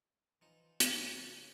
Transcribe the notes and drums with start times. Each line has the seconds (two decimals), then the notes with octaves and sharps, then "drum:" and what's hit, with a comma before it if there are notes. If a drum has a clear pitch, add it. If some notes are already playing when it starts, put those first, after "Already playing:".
0.42 E3 F3 D#4
0.80 C#3, drum: hi-hat
1.13 C#5